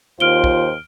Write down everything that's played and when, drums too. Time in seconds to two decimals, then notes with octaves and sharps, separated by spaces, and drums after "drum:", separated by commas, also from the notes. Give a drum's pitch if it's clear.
0.20 D#2 F4 C5 F6 D7 G7
0.44 drum: kick